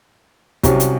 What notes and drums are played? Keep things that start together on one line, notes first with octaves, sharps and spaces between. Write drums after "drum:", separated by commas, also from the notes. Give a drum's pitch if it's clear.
C2 C3 F#3 C#4, drum: kick, hi-hat
drum: hi-hat